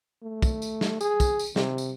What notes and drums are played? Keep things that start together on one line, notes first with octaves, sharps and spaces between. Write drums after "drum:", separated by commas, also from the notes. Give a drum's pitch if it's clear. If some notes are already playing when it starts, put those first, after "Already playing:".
A3
drum: kick, tambourine
drum: tambourine
drum: snare
G#4, drum: tambourine
drum: kick, tambourine
drum: tambourine
C3, drum: snare
drum: tambourine